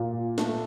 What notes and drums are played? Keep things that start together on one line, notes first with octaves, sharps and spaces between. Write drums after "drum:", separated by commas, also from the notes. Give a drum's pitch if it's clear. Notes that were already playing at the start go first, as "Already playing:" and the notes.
Already playing: A#2
A3, drum: snare